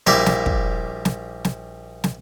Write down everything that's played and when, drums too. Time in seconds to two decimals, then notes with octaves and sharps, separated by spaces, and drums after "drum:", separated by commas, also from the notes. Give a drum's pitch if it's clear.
0.07 A#1 G3 A#3 E4 D5, drum: snare
0.26 drum: snare
0.46 drum: kick
1.05 drum: snare
1.45 drum: snare
2.04 drum: snare